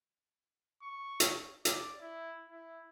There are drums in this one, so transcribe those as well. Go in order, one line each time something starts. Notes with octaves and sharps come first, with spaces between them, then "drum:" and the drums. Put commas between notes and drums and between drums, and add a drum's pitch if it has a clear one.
C#6
drum: hi-hat
D5, drum: hi-hat
E4
E4